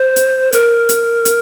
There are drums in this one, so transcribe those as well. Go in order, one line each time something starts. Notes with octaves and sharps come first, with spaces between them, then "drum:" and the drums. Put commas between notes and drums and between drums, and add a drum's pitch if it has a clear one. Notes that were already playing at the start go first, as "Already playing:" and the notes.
Already playing: C5
drum: hi-hat
A#4, drum: hi-hat
drum: hi-hat
drum: hi-hat